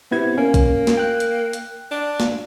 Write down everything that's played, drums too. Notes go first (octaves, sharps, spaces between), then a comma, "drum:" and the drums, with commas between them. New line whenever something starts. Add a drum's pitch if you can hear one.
C3 B3 E4 G#6
A#3 C#4
drum: kick, hi-hat
drum: snare
G5 F#6
drum: hi-hat
drum: hi-hat
D4
drum: snare